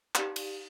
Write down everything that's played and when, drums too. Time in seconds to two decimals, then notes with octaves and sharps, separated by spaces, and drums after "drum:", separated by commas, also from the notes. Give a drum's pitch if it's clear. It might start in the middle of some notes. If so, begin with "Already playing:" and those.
0.15 D#4 G4 D5 F5, drum: clap
0.36 drum: cymbal